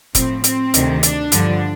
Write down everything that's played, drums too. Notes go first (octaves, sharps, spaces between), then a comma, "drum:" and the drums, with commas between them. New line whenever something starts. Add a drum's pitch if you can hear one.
A2 F3 C4, drum: kick, hi-hat
C4, drum: hi-hat
D2 C3 D#3, drum: hi-hat
D4, drum: hi-hat
G2 D3 F3, drum: hi-hat